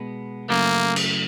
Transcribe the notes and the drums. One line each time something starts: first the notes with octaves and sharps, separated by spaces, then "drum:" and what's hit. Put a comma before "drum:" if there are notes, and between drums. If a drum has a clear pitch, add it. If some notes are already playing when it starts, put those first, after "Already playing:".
Already playing: B2 G#3 B3
F#2 C#3 F#3 A3 A#3
drum: cymbal